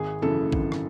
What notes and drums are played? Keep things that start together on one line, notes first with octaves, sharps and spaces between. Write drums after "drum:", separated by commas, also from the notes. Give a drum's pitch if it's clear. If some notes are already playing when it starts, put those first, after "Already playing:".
Already playing: G#1 G#4
F#2 C#3 E3 A4
G#1, drum: kick A#1
drum: rim click